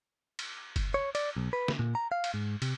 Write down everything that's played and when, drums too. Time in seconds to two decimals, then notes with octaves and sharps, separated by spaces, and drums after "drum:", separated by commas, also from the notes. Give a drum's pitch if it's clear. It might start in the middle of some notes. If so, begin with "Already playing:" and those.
0.39 drum: cymbal
0.76 drum: kick F#1, cymbal
0.94 C#5
1.15 D5, drum: cymbal
1.37 B1
1.53 B4
1.68 drum: snare
1.79 A#2
1.95 A#5
2.12 F5
2.24 drum: cymbal
2.34 G#2
2.62 C3, drum: cymbal